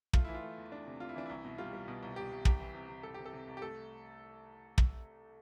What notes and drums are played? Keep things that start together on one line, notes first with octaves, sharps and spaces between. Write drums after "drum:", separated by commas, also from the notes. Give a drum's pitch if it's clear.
A3 F4, drum: kick
E3 E4
F4
A3
E2
E2 D4
C3
C3 F4
E4
E3 D4
C2 E4
B2
G3 F4
G3
B2
C2
C2 G4
C2
C2 G4, drum: kick
E3
C3
C3
C2 A4
C3 G4
A4
C3
C2
G4
A3 A4
drum: kick